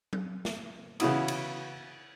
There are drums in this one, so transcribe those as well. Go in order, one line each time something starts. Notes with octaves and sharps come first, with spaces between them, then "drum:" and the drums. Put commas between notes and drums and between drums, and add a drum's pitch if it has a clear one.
drum: tom F#3
drum: snare
C#3 E3 B3 E4 F#4 D#6, drum: cymbal
drum: cymbal